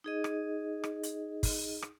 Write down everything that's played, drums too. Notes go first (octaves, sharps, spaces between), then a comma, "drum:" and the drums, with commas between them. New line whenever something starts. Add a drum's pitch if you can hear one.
D#4 G#4 D#5
drum: rim click
drum: rim click
drum: hi-hat
drum: kick, open hi-hat
drum: rim click